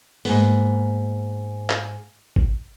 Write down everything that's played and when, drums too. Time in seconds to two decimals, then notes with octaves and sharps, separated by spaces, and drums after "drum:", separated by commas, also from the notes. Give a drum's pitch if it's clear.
0.25 G#2 A#3 B3, drum: open hi-hat
1.70 drum: clap
2.36 drum: kick G#1